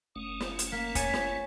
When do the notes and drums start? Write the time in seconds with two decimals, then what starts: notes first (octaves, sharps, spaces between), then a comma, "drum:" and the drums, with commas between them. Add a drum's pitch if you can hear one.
0.16 F#1 A3 C#4 D#6
0.40 drum: snare
0.59 drum: hi-hat
0.72 A#3 B6
0.95 C#5 G#5 A6, drum: kick F1, hi-hat
1.14 drum: snare